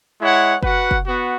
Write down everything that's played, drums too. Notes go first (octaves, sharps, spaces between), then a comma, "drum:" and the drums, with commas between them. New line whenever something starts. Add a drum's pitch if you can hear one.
G#3 E4 C#5 F#5
F#4 B4 F#5, drum: kick F#1
drum: kick F#1
B3 F#4